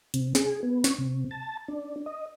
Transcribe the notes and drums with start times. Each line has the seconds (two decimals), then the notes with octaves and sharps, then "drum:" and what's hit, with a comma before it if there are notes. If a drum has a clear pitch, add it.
0.14 C3, drum: hi-hat
0.35 G#4, drum: snare
0.63 B3
0.84 C#6, drum: snare
0.98 C3
1.31 A5
1.68 D4
2.06 D#5